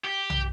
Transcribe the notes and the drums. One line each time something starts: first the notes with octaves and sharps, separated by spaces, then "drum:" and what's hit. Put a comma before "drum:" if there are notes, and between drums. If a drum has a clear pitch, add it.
G4
drum: tom B1